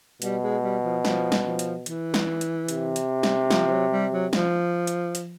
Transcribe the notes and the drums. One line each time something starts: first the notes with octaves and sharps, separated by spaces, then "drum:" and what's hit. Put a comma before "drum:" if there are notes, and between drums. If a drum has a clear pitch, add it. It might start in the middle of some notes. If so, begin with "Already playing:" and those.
B2 G3, drum: hi-hat
G#3
G3
F3
F3, drum: snare
drum: snare
F3
drum: hi-hat
E3, drum: hi-hat
drum: snare
drum: hi-hat
C3, drum: hi-hat
drum: hi-hat
drum: snare
F3, drum: snare
F3
F#3
G3
F#3
F3, drum: snare
drum: hi-hat
drum: hi-hat